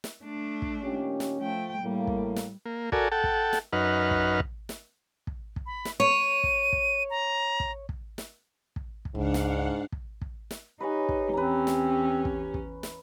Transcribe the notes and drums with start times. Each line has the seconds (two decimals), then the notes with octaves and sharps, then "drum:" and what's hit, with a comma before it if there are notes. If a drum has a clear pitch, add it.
0.04 drum: snare
0.24 A3 D4
0.62 drum: kick
0.82 A#2 D#3 C#4 G4
1.20 drum: snare
1.40 F3 A3 G5
1.81 A2 G3 A#3
2.07 drum: kick
2.36 drum: snare
2.65 A#3
2.92 F#4 A4 A#4 D5 G#5, drum: kick
3.12 A4 F#5 G5 A5
3.24 drum: kick
3.53 drum: snare
3.73 F#2 D#4 B4 F#5 F6
4.11 drum: kick
4.40 drum: kick
4.69 drum: snare
5.27 drum: kick
5.56 drum: kick
5.66 B5
5.85 drum: snare
6.00 C#5 D#7
6.43 drum: kick
6.73 drum: kick
7.10 A#5
7.60 drum: kick
7.89 drum: kick
8.18 drum: snare
8.76 drum: kick
9.05 drum: kick
9.15 C#2 G#2 D4 F5 F#5
9.34 drum: snare
9.92 drum: kick
10.21 drum: kick
10.51 drum: snare
10.80 D#4 G4 B4 C#5 G#5
11.09 drum: kick
11.34 E2 C4 C#4 B4 A#5
11.67 drum: snare
12.25 drum: kick
12.54 drum: kick
12.83 drum: snare